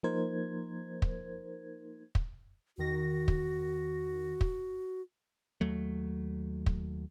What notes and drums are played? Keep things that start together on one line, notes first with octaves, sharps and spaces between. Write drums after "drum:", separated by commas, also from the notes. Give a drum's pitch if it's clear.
F3 A#3 D#4 A#4 C5 G#6
drum: kick
drum: kick
E2 D#3 F#4 A#6
drum: kick
drum: kick
D#2 F#3 A3
drum: kick